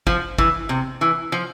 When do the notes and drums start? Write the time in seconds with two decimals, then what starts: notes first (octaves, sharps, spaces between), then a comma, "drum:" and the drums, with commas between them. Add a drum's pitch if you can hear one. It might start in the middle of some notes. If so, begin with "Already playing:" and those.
0.07 F3, drum: kick
0.38 E3, drum: kick
0.69 C3
1.01 E3
1.32 F3